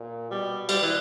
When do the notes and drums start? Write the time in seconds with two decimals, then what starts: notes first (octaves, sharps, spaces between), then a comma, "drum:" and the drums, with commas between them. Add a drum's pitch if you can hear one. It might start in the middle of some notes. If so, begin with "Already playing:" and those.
Already playing: A#2
0.31 B2 G3
0.69 G3, drum: cymbal
0.83 E3